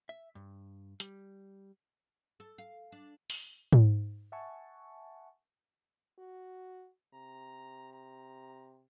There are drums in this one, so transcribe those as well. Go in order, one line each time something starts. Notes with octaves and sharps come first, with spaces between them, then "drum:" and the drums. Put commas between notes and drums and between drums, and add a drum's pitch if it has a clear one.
E5
G2
G3, drum: hi-hat
A4
F5
D4
drum: open hi-hat
drum: tom G#2
E5 F#5 G#5 A5 C#6
F#4
C3 A#5
A#5